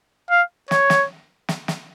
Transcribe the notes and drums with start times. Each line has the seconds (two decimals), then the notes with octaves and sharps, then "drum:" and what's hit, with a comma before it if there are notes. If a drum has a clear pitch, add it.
0.31 F5
0.71 C#5, drum: snare
0.90 drum: snare
1.49 drum: snare
1.68 drum: snare